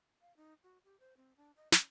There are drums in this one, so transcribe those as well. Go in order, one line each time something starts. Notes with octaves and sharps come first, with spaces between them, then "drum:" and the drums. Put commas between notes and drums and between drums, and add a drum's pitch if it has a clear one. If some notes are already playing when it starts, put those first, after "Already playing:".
F5
D#4
F#4
G4
C5
C4
D4
D#5
C#4, drum: snare